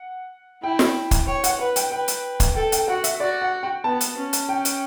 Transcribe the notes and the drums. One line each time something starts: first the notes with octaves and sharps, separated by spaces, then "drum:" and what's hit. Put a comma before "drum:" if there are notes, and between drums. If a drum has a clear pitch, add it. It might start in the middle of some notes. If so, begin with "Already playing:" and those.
Already playing: F#5
E4 G5
drum: snare
drum: kick, hi-hat
C#5 G5
F#5, drum: hi-hat
B4 F#5
G5, drum: hi-hat
B4 G5
drum: hi-hat
drum: kick, hi-hat
A4 G5
G5, drum: hi-hat
F#4 F#5
E5, drum: hi-hat
F#4 D5
F#5
G5
B3 A5
drum: hi-hat
C#4
drum: hi-hat
G5
drum: hi-hat